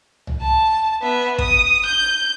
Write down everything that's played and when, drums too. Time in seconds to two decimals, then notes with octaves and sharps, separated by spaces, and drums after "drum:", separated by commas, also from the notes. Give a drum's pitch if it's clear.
0.27 drum: tom
0.42 A5
1.02 B3 E5
1.38 D#6, drum: kick
1.86 G6